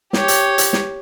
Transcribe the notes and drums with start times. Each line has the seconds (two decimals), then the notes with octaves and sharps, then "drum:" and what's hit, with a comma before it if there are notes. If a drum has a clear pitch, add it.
0.13 G4 C#5, drum: snare
0.28 drum: hi-hat
0.58 drum: hi-hat
0.73 drum: snare